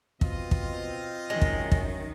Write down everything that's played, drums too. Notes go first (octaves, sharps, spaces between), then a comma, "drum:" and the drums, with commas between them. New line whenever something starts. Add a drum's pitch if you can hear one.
B2 C4 F4 D#5, drum: kick
drum: kick
F#2 D#3 G#3
drum: kick
drum: kick